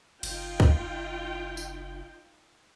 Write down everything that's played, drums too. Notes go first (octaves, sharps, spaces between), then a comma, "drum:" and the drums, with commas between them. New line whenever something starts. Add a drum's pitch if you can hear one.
F#1 D#4 F4 G5, drum: cymbal
drum: kick C2
drum: tambourine